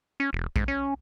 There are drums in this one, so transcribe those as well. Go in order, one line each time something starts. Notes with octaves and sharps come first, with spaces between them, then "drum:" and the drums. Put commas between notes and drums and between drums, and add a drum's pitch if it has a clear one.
C#4
E1
G#2, drum: kick A#1
C#4